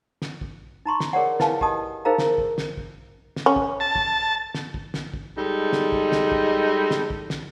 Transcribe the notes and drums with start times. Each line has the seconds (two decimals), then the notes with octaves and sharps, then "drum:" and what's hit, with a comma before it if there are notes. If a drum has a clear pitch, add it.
0.22 drum: snare
0.41 drum: kick
0.85 D#4 A#5 C6 C#6
1.00 drum: snare
1.13 G#4 A#4 C#5 D5 F#5
1.40 E4 B4 F5 G#5 A5, drum: snare
1.61 G4 D#5 A5 D#6, drum: kick
2.05 D#4 G#4 A#4 C5 F5 A#5
2.18 drum: snare
2.38 drum: kick
2.58 drum: snare
2.77 drum: kick
3.36 drum: snare
3.46 C#4
3.56 drum: kick
3.80 A5
3.96 drum: kick
4.55 drum: snare
4.74 drum: kick
4.94 drum: snare
5.14 drum: kick
5.37 G3 G#3 D#4 A4
5.73 drum: snare
5.92 drum: kick
6.12 drum: snare
6.32 drum: kick
6.91 drum: snare
7.10 drum: kick
7.30 drum: snare